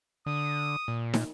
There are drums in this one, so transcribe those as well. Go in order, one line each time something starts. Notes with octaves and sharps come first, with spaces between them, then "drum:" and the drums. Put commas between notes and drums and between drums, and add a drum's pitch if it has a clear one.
D3 D#6
A#2
drum: snare